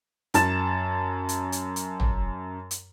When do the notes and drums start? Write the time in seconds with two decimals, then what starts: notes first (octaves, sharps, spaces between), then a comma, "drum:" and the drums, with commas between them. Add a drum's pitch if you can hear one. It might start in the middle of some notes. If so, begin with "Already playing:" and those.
0.34 F#2 A5 A6 E7, drum: hi-hat
1.29 drum: hi-hat
1.52 drum: hi-hat
1.76 drum: hi-hat
2.00 drum: tom
2.71 drum: hi-hat